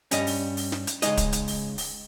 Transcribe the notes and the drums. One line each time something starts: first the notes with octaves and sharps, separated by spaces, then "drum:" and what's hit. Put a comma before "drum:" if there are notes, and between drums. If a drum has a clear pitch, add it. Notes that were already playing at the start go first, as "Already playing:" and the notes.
G2 G3 C#4 D#5, drum: hi-hat
drum: open hi-hat
drum: open hi-hat
drum: snare
drum: hi-hat
C#2 B2 G#3 D#4 D#5, drum: hi-hat
drum: kick, hi-hat
drum: hi-hat
drum: open hi-hat
drum: open hi-hat